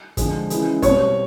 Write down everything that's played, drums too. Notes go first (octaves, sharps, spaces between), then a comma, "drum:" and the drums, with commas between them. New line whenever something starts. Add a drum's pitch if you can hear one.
D3 F3 G#3, drum: kick, hi-hat
C#3 E3 G#3, drum: hi-hat
B2 G3 C4 C#5 C#6, drum: kick, hi-hat